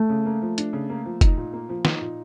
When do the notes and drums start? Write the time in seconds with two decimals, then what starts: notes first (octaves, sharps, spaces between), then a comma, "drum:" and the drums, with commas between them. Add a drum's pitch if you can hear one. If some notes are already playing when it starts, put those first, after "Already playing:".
Already playing: A3
0.09 C#3
0.26 A#3
0.42 F3
0.58 D4, drum: hi-hat
0.73 C#3
0.90 A#3
1.05 F3
1.21 D#4, drum: kick, hi-hat
1.37 A#2
1.53 A#3
1.69 F3
1.85 D#4, drum: snare
2.01 A#2